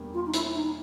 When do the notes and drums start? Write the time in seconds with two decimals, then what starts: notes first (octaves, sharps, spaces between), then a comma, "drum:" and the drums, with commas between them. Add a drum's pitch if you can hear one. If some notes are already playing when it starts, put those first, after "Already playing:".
Already playing: E2 B2 G3 A#3 D4
0.14 F4
0.26 D#4
0.34 E4, drum: hi-hat
0.55 D#4